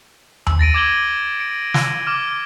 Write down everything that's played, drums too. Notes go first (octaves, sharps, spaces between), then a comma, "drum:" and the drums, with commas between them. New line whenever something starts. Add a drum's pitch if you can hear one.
E6, drum: tom D#2
A6 A#6 D7 D#7
D6 G#6 F#7 G7
D7
drum: snare
D6 F6